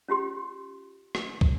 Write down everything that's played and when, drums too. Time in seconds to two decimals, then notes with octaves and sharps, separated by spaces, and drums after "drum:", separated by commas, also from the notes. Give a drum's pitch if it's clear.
0.09 C#4 F4 G4 C6
1.15 drum: rim click
1.41 drum: kick